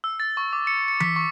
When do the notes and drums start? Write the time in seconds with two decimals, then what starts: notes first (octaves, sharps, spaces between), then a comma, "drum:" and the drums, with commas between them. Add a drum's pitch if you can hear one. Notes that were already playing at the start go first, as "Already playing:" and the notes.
0.04 E6
0.20 A6
0.37 C#6
0.53 D6
0.67 C#7
0.88 C#7
1.00 B6, drum: tom E3
1.16 C#6